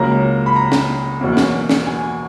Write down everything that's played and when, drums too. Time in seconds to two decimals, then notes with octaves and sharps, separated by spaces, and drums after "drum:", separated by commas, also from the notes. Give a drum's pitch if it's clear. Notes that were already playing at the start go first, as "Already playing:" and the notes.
Already playing: C#2 C#3 F#3 A#3 A#5
0.46 B5
0.56 A#5
0.72 drum: snare
1.21 E2 B2 F#3 A#3
1.37 drum: snare
1.69 drum: snare
1.86 G#5